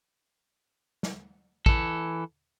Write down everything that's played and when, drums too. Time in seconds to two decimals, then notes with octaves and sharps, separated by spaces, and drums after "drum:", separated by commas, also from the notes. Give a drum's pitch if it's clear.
1.03 drum: snare
1.66 E3 A4, drum: kick